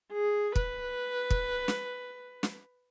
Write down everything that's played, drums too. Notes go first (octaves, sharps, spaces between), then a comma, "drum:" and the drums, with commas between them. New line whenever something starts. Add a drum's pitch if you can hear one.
G#4
B4, drum: kick
drum: kick
drum: snare
drum: snare